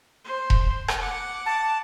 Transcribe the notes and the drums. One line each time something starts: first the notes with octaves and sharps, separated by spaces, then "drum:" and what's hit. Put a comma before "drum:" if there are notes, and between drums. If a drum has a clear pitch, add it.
C5
drum: kick E1
drum: rim click
F#5 D6
A5